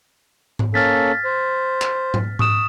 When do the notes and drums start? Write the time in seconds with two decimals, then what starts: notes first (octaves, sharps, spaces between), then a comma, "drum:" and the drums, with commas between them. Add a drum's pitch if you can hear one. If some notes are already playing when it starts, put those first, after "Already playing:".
0.59 drum: tom G#2
0.74 A#3 C#4 A4 F6 A6 B6
1.25 C5
1.81 drum: clap
2.14 drum: tom G#2
2.39 C#6 D#6 E7, drum: tom G#2